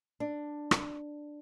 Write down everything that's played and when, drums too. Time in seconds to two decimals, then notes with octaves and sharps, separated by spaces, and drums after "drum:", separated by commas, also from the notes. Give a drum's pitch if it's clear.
0.20 D4
0.71 drum: rim click